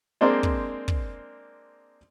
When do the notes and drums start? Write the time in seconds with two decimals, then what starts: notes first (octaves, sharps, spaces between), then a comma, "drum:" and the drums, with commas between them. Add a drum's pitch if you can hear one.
0.21 G#3 A#3 C4 D4 C5
0.43 drum: kick
0.88 drum: kick